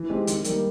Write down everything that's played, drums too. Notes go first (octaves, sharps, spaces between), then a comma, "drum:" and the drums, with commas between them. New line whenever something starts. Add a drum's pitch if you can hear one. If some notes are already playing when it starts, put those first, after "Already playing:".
Already playing: E3
G#3 C4 D#4 G4
D#3, drum: hi-hat
G3 A#3 D#4, drum: hi-hat